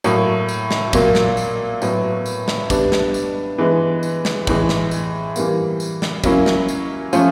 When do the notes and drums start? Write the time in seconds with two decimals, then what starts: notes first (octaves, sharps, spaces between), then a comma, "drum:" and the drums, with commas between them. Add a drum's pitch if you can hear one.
0.04 A2 F#3 A#3, drum: tambourine
0.48 drum: tambourine
0.71 drum: snare
0.93 A#2 F#3 A#3, drum: kick, tambourine
1.15 drum: snare
1.37 drum: tambourine
1.82 A2 F#3 B3, drum: tambourine
2.26 drum: tambourine
2.48 drum: snare
2.70 G3 B3 D4, drum: kick, tambourine
2.92 drum: snare
3.14 drum: tambourine
3.58 E3 G#3 B3
4.03 drum: tambourine
4.25 drum: snare
4.47 A2 E3 G#3, drum: kick, tambourine
4.69 drum: snare
4.91 drum: tambourine
5.36 E3 G3 A#3, drum: tambourine
5.80 drum: tambourine
6.02 drum: snare
6.24 F#3 A#3 C#4 E4, drum: kick, tambourine
6.46 drum: snare
6.68 drum: tambourine
7.13 F3 A3 C#4 F4, drum: tambourine